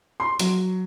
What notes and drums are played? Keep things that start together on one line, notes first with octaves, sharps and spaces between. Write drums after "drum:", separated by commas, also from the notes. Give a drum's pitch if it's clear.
C6
F#3, drum: hi-hat